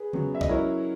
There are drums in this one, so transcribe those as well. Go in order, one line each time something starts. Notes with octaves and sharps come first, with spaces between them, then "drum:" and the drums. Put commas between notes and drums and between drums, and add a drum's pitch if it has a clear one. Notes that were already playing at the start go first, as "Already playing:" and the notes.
Already playing: G#4 B4
C#3 F#3 B3, drum: tom C#3
E5
D#5, drum: kick B1
F#3 C#4 E4 A#4 C#5